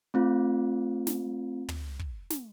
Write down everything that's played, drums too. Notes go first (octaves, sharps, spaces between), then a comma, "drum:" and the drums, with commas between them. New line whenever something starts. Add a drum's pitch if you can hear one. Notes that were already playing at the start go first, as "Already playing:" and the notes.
A3 C4 F4
drum: snare
drum: tom
drum: kick
drum: snare